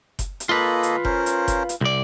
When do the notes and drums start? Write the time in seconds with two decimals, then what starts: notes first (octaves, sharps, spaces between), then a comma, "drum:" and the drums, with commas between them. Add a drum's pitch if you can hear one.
0.19 drum: kick F#1, hi-hat
0.40 drum: hi-hat
0.49 A#3 F4 A4 B4 D#5
0.83 drum: hi-hat
1.05 C#4 A#4 C5, drum: kick F#1
1.26 drum: hi-hat
1.48 drum: kick F#1, hi-hat
1.69 drum: hi-hat
1.81 C2 D5